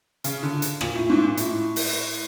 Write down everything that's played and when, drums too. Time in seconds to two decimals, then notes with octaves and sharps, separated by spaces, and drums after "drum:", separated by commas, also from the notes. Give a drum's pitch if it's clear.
0.24 C#3, drum: hi-hat
0.43 D3
0.62 drum: hi-hat
0.81 A#2, drum: rim click
0.95 A2
1.10 G#2
1.24 A#2
1.37 A2, drum: hi-hat
1.76 drum: open hi-hat